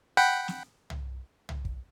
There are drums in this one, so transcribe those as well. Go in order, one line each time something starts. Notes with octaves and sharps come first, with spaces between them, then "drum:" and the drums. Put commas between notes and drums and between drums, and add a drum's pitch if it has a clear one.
F#5 G5 B5
drum: snare
drum: tom
drum: tom
drum: kick